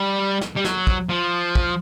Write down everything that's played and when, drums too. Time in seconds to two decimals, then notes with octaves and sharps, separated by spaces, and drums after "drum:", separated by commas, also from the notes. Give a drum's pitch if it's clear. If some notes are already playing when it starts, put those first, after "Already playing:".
Already playing: G3
0.41 drum: snare
0.56 G3
0.65 F#3, drum: snare
0.87 drum: kick
1.09 F3
1.55 drum: kick